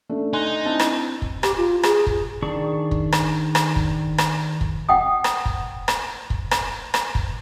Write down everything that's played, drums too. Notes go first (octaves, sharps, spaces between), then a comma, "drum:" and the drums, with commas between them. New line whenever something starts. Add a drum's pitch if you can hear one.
A3 D4
D#4 G#5 C6 F#6
C4 D4 E4 A5
drum: rim click
drum: kick
G4, drum: rim click
F4
G#4, drum: rim click
drum: kick
D#3 D4 G#4 A5 C#6
drum: kick
drum: rim click
drum: rim click
drum: kick
drum: rim click
drum: kick
F#5 G5 D#6
drum: rim click
drum: kick
drum: rim click
drum: kick
drum: rim click
drum: rim click
drum: kick